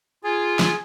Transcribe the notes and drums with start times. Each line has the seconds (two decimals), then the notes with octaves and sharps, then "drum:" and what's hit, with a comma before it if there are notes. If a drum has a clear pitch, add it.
0.24 F4 G#4
0.59 drum: snare